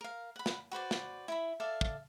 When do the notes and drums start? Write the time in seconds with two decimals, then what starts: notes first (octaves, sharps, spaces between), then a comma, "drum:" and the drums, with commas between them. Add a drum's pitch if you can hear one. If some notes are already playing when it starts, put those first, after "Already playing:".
0.01 A#4 F5
0.36 F#5 B5
0.46 drum: snare
0.72 F#4 B4 C5 D5
0.91 drum: snare
1.28 E4 E5 B5
1.60 A4 D5 E5 F5
1.81 drum: kick